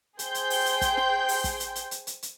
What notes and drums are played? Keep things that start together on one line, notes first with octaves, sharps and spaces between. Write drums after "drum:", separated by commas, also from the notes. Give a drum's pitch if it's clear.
G#4 C5 G5 C6 G6, drum: hi-hat
drum: hi-hat
drum: open hi-hat
drum: hi-hat
drum: kick, hi-hat
drum: snare
drum: open hi-hat
drum: kick, hi-hat
drum: hi-hat
drum: hi-hat
drum: hi-hat
drum: hi-hat
drum: hi-hat